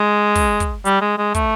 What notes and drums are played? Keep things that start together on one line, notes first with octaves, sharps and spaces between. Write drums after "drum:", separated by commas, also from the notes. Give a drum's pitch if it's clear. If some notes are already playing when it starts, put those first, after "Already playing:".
Already playing: G#3
drum: kick, open hi-hat
drum: kick, hi-hat
G3, drum: hi-hat
G#3
G#3
A3, drum: kick, hi-hat